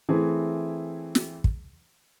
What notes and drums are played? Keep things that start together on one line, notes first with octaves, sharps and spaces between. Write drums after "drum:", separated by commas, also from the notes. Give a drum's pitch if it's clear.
E3 A3 C4 E4 G#4
drum: snare
drum: kick